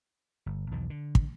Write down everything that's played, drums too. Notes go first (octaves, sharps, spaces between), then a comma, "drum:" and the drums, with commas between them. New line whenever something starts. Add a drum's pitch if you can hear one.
G1
B1 E2 D#3
D3
drum: kick